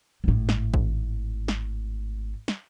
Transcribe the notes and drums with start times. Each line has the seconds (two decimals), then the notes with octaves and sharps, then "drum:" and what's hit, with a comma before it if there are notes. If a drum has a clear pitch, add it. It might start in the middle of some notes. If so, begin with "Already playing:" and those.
0.24 G#1 A2
0.49 drum: snare
0.74 drum: kick G#1
1.48 drum: snare
2.48 drum: snare